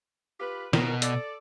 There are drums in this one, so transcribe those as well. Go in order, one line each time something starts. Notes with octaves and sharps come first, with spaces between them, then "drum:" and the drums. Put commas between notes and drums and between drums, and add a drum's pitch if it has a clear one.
F4 G4 B4
B2 F3 A#4, drum: snare
A4 D5, drum: hi-hat